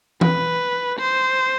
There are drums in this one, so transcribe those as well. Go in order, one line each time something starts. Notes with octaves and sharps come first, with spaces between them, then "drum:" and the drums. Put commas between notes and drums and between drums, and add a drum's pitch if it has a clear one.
B4, drum: tom E3
C5